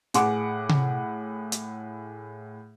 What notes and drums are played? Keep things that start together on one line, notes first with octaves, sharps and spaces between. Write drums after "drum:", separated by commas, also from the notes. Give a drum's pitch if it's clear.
A2 G#4 F#5 D6, drum: hi-hat
drum: tom C3
drum: hi-hat